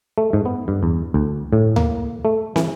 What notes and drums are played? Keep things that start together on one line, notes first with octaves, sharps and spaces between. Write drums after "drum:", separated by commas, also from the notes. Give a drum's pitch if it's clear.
A3
G#2
B3
G2
E2
D2
A2
A#3, drum: tom D2
A3
E3, drum: snare